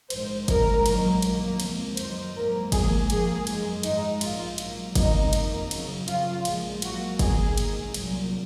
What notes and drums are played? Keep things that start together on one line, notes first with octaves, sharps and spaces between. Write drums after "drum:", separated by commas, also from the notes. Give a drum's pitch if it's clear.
A#1 G#2 D#3 G#3 C5, drum: cymbal
A#1 A#2 G#3 A#4, drum: kick G1, cymbal
A#1 G#2 D#3 F#3 A#3, drum: cymbal
F#2 D#3 F#3 A#3, drum: cymbal
C#2 C3 F3 A#3, drum: cymbal
F#2 D#3 F#3 C5, drum: cymbal
A#1 G#2 F#3 A#3 A#4
G#2 F3 A#3 G#4, drum: kick G1, cymbal
G#2 F3 A#3 G#4, drum: cymbal
F#2 D#3 G#3, drum: cymbal
G#2 F3 G#3 D#4, drum: cymbal
A#1 A#2 G#3 F4, drum: cymbal
G#2 F#3 A#3, drum: cymbal
C#2 C3 D#3 G#3 D#4, drum: kick G1, cymbal
F2 D#3 A#3, drum: cymbal
F#2 C#3 F#3, drum: cymbal
F#2 C#3 F#3 F4, drum: cymbal
A#1 A#2 F3 G#3, drum: cymbal
G#2 F#3 A#3 F#4, drum: cymbal
F#2 D#3 A#3 G#4, drum: kick G1, cymbal
G#1 G#2 D#3, drum: cymbal
C2 A#2 F#3, drum: cymbal